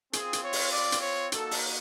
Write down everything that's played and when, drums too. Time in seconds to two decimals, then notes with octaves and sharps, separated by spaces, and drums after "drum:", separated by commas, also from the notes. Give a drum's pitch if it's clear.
0.13 C4 F4 G#4, drum: hi-hat
0.33 drum: hi-hat
0.43 C#5
0.53 drum: open hi-hat
0.73 D5
0.92 drum: hi-hat
1.02 C#5
1.32 A#3 D#4 F#4 A4, drum: hi-hat
1.51 drum: open hi-hat